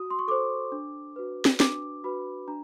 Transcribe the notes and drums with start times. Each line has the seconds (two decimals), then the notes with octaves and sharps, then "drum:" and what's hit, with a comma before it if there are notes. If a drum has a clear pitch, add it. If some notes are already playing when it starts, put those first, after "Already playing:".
Already playing: F#4 D#6
0.10 C6
0.19 C#6
0.28 A4 C5 D6
0.72 D4
1.16 F#4 B4
1.45 drum: snare
1.60 D4 D6, drum: snare
2.04 F#4 B4 B5
2.48 D4 A#5